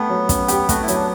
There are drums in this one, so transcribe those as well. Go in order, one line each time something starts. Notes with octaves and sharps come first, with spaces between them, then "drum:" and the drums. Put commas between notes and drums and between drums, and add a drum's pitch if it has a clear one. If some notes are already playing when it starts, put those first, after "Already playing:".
Already playing: A3 B3 G4
F#3
C#4, drum: kick, hi-hat
G4, drum: hi-hat
A3 F#4, drum: kick, hi-hat
E4
F#3, drum: hi-hat
D4